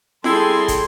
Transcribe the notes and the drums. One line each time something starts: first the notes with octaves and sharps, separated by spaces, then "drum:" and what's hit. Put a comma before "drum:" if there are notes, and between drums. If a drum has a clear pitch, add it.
G3 C4 E4 G#4 A4 C6, drum: snare F4
drum: kick, hi-hat